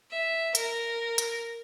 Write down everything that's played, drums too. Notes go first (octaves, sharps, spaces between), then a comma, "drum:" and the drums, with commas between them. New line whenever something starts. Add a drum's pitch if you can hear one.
E5
A#4, drum: hi-hat
drum: hi-hat